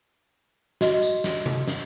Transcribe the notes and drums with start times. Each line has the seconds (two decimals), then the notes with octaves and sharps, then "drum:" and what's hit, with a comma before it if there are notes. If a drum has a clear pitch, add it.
0.81 F#4 D#5, drum: snare
1.03 drum: tambourine
1.24 drum: snare
1.46 drum: tom C3
1.68 drum: snare